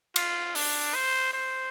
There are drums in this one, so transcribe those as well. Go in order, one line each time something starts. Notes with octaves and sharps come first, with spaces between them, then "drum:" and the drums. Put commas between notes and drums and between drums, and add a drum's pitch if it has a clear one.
F4, drum: cymbal
D4, drum: open hi-hat
C5
C5